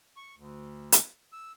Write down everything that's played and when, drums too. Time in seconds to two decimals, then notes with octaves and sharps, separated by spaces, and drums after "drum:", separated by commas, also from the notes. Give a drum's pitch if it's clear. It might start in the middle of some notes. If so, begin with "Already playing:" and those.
0.17 C#6
0.37 D2
0.92 drum: hi-hat
1.33 E6